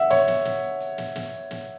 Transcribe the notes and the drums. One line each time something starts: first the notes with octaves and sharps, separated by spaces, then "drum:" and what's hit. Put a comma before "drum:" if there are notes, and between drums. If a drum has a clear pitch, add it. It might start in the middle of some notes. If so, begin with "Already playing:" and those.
Already playing: E5 F#5
C#5, drum: snare
drum: snare
drum: snare
drum: hi-hat
drum: hi-hat
drum: snare
drum: snare
drum: hi-hat
drum: snare